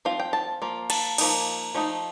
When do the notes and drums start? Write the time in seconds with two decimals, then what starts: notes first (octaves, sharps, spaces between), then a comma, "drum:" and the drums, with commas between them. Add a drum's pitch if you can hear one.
0.05 F3 C4 F4 F5
0.20 G5
0.33 A5
0.62 F3 A#3 F4
0.90 A5, drum: cymbal
1.18 F3 A#3 D#4, drum: cymbal
1.75 F3 A3 D#4